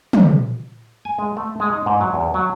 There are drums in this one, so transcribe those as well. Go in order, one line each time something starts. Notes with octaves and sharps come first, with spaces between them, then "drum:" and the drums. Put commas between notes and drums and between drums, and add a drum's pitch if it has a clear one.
drum: tom
G#5
G#3
A3
G#3
D#4
G#2
F#3
E2
F#3